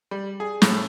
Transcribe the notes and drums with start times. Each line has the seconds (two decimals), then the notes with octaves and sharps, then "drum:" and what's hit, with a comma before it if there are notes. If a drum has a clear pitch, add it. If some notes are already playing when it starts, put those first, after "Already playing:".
0.11 G3
0.40 G#4
0.62 A2, drum: snare